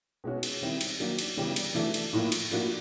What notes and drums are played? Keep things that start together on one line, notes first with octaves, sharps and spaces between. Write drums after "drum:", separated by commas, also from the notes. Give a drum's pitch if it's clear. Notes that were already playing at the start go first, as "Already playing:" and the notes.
B2 G#3 C#4 F#4
drum: cymbal
D#3 G3 C4 E4
drum: cymbal
D#3 F#3 A#3 D4 F#4
drum: cymbal
C#3 E3 G3 B3 D4
drum: cymbal
E3 A3 D4 F#4 A4
drum: cymbal
A2 F3 A#3
drum: cymbal
A2 F3 A#3 D4 F#4